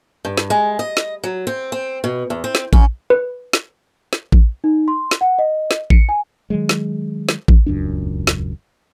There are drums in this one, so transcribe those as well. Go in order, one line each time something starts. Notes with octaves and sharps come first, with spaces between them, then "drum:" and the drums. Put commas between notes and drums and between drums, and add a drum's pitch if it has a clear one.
G2
drum: snare
G#3
D#5
drum: snare
F#3
C4
C4
B2
E2
C4
drum: snare
C#4, drum: kick A1
B4
drum: snare
drum: snare
drum: kick A1
D#4
C6
drum: snare
F#5
D#5
drum: snare
C#7, drum: kick A1
G#5
D#3 F#3 G#3
drum: snare
drum: snare
drum: kick A1
D#1 C#2 F#2 D4
drum: snare